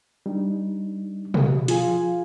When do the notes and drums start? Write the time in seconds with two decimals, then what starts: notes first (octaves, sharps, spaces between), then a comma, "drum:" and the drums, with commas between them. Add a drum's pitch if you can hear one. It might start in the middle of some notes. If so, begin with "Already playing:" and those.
0.26 G3 D4 D#4
1.34 drum: tom B2
1.68 F3 F4 G#4 G#5, drum: hi-hat